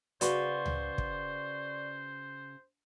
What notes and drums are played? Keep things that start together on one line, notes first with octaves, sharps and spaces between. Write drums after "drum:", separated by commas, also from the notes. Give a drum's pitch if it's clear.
C#3 F#4 B4 C5 D5 C6 C#6, drum: hi-hat
drum: tom C#2
drum: kick